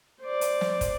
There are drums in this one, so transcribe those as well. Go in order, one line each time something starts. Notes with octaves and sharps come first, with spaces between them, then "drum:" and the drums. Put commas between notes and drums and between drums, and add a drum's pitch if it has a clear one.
C5 D5
drum: hi-hat
drum: snare
drum: kick, hi-hat